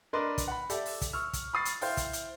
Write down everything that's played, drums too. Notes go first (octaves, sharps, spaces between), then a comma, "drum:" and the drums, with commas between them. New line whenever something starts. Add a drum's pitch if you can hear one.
D4 A#4 B4 D5 D#5 C6
drum: kick, hi-hat
F#5 B5
G4 A4 D5 E5, drum: hi-hat
drum: open hi-hat
drum: kick, hi-hat
C#6 E6 F6
drum: kick, hi-hat
B5 C#6 D#6 A6 C7
drum: hi-hat
E4 C5 F5 G5, drum: open hi-hat
drum: kick, hi-hat
drum: hi-hat